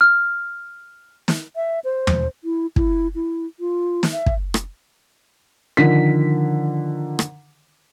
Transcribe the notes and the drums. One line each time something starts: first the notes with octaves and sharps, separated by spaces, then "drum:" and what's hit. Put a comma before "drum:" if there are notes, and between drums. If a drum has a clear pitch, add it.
F6
drum: snare
E5
C5
drum: tom
E4
E4, drum: kick
E4
F4
drum: snare
E5
drum: kick
drum: rim click
D3 D#3 F3 A#4 B6
drum: rim click